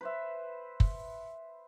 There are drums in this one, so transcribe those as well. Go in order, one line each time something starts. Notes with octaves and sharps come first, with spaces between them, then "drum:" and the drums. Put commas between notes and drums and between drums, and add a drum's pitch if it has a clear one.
B4 C5 E5
drum: kick